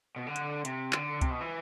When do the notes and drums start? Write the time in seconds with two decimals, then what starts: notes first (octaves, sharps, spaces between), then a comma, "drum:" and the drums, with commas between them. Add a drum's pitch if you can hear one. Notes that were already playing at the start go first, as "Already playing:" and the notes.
0.16 B2
0.27 D3
0.36 drum: hi-hat
0.65 C3, drum: hi-hat
0.93 D3, drum: clap
1.21 C3, drum: kick C2, hi-hat
1.30 B2
1.41 E3